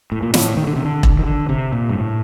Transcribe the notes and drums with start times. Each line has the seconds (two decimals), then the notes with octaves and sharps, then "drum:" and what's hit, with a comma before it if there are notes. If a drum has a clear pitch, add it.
0.12 A2
0.22 A#2
0.34 A2, drum: snare
0.57 D#3
0.67 D3
0.76 C3
0.85 D3
1.03 drum: kick E1
1.19 D#3
1.26 D3
1.49 C3
1.72 A#2
1.89 G2
1.95 A2